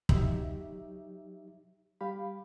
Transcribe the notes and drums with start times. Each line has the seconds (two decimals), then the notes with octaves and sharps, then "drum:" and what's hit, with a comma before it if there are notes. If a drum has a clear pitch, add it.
0.09 F#3 D#4 G4 E5, drum: kick
2.01 G3 G4 F5 B5